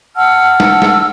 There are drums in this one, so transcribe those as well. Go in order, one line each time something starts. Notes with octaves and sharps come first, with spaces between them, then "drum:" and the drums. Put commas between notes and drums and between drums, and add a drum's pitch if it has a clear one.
F#5 A5 E6 F6
drum: snare
drum: snare